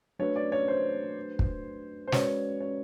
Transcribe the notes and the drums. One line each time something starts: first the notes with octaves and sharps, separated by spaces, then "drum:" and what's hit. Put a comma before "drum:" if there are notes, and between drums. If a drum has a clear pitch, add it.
F#3 A3 D4 F#4 B4 C#5
D5
C#5
C5
drum: kick
C5
G#3 C#4 F#4 B4 C#5 D5, drum: snare
C#5